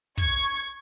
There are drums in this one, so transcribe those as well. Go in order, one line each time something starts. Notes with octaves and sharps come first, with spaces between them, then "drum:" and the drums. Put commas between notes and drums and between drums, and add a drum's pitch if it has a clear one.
C#6 G#6, drum: kick